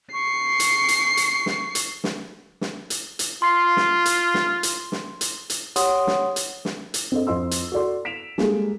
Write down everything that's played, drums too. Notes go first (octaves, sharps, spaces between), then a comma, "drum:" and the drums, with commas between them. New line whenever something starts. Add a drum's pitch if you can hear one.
C#6 C7
drum: hi-hat
drum: hi-hat
drum: hi-hat
drum: snare
drum: hi-hat
drum: snare
drum: snare
drum: hi-hat
drum: hi-hat
F4 C6 C7
drum: snare
drum: hi-hat
drum: snare
drum: hi-hat
drum: snare
drum: hi-hat
drum: hi-hat
G4 C#5 F#5 C6 D#6, drum: hi-hat
drum: snare
drum: hi-hat
drum: snare
drum: hi-hat
C4 A4 D#5
F2 D#5 C6 E6
drum: hi-hat
F#4 A4 D5 C6
B6 D7 E7 F7
G3 G#3 A#3 A4, drum: snare